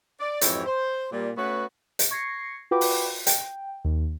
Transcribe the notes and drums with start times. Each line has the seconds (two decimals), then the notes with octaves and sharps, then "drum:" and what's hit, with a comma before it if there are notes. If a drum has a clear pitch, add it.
0.20 D5
0.41 F2 G#2 E3 E4 G4 C#5, drum: hi-hat
0.66 C5
1.12 A#2 G3
1.36 A3 B3 C#4 F#4 B4
1.99 drum: hi-hat
2.11 C#6 G#6 A#6 C7 C#7
2.71 F4 F#4 B4 G5 B5 D6
2.81 drum: open hi-hat
3.27 G5, drum: hi-hat
3.84 D#2